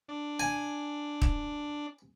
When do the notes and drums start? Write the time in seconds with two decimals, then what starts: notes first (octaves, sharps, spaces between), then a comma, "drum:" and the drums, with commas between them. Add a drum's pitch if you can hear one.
0.09 D4
0.40 G#5
1.22 drum: kick